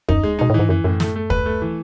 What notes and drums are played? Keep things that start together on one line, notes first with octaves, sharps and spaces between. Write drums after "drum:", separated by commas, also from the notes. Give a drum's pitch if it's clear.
F#2 D#4, drum: kick
G#3
B2 D#4
A2 E3
G#2
F#2 E3
F#2 A2
A3, drum: snare
A3
B4, drum: kick
A3
E3